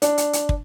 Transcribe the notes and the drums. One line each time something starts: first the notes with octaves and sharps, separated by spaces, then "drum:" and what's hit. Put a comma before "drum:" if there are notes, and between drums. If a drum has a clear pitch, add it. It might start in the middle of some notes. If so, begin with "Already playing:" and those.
D4, drum: hi-hat
drum: hi-hat
drum: hi-hat
drum: kick